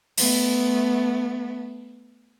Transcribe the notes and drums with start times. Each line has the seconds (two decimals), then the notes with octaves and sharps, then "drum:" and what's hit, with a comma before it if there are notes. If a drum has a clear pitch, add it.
0.17 A3 B3, drum: open hi-hat